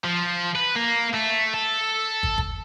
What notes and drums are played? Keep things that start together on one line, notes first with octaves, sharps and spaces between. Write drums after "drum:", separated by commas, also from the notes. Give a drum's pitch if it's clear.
F3
B4
A#3
A3
A4
drum: kick
drum: kick